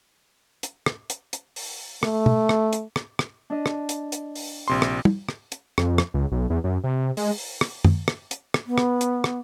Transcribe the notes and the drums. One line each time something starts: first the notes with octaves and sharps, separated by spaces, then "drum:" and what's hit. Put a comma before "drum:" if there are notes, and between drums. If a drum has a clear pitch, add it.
drum: hi-hat
drum: rim click
drum: hi-hat
drum: hi-hat
drum: open hi-hat
A3, drum: rim click
drum: tom
drum: rim click
drum: hi-hat
drum: rim click
drum: rim click
D4 D#5
drum: rim click
drum: hi-hat
drum: hi-hat
drum: open hi-hat
A#1 C3 C6
drum: rim click
drum: tom
drum: rim click
drum: hi-hat
F2, drum: rim click
drum: rim click
C#2
B1
E2
F#2
C3
G#3, drum: open hi-hat
drum: open hi-hat
drum: rim click
drum: tom F#2
drum: rim click
drum: hi-hat
drum: rim click
B3
drum: rim click
drum: hi-hat
drum: rim click